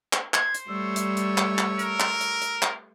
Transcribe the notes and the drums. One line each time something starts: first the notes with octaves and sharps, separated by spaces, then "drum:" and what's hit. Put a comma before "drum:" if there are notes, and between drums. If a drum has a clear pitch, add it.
drum: clap
C5 G#6, drum: clap
drum: hi-hat
G3 A3 C#5 E6
drum: hi-hat
drum: hi-hat
drum: clap
drum: clap
A#4, drum: hi-hat
drum: clap
drum: hi-hat
drum: hi-hat
drum: clap